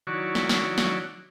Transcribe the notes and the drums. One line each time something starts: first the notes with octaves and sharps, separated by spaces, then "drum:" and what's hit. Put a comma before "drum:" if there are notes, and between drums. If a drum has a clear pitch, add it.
D#3 F#3 E4 F#4 C#5 D5
drum: snare
drum: snare
drum: snare